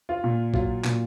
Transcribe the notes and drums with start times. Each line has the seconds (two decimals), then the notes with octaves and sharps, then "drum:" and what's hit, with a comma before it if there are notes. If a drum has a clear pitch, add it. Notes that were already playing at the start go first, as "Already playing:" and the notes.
0.09 F4
0.24 A#2
0.54 F#3 F4, drum: kick A#1
0.84 A#2, drum: clap